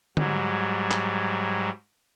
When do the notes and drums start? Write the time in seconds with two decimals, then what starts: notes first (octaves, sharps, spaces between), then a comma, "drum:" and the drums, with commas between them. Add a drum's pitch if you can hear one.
0.17 G#2 F#3 G3, drum: tom D3
0.91 drum: clap